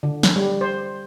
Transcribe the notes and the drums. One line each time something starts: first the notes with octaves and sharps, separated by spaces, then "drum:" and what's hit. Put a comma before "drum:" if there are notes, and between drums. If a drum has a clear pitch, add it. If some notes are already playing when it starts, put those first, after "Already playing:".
D3
drum: snare
G3
C5